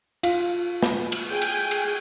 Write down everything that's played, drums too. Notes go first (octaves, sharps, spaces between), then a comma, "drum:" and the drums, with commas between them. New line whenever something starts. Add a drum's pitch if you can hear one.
F4 F5, drum: cymbal
drum: snare
drum: cymbal
G#4 G5 G#5
drum: cymbal
drum: cymbal